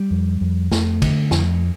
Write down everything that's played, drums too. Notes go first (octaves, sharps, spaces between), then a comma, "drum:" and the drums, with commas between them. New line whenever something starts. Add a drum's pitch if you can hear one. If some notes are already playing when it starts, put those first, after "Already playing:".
Already playing: G3
F2
F2
F2 A3, drum: snare
D3, drum: kick, cymbal
F2, drum: snare